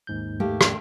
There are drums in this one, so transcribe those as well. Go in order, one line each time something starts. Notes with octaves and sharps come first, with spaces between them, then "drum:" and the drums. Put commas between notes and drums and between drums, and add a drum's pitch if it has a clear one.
D#2 G#2 G6
A3 A#3 G4
drum: rim click